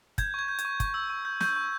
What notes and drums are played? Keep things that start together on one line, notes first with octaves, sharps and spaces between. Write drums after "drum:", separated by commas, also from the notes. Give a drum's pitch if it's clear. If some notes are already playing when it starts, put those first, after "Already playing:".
G6 G#6, drum: kick, hi-hat
C#6 G#6
G6
G#6, drum: hi-hat
C#6
C#6, drum: kick, hi-hat
E6
C#6
G6
C#6 G6, drum: snare
C#6